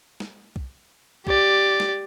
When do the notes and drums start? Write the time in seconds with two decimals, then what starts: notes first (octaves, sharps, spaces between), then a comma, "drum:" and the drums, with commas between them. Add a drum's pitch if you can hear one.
0.20 drum: snare
0.56 drum: kick
1.27 G4 D5, drum: kick
1.80 drum: snare